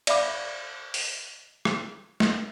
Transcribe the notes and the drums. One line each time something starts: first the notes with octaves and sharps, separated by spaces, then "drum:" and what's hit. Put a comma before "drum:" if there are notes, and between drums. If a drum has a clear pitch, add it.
D5 E5 F5 B5 D6, drum: cymbal
drum: open hi-hat
drum: rim click
drum: snare